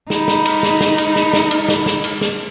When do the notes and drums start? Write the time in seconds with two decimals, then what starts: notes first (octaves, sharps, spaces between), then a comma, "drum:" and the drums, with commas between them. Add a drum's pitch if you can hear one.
0.10 D#4 B5, drum: snare
0.28 drum: snare
0.45 drum: cymbal
0.63 drum: snare
0.81 drum: snare
0.98 drum: cymbal
1.16 drum: snare
1.33 drum: snare
1.51 drum: cymbal
1.69 drum: snare
1.86 drum: snare
2.04 drum: cymbal
2.21 drum: snare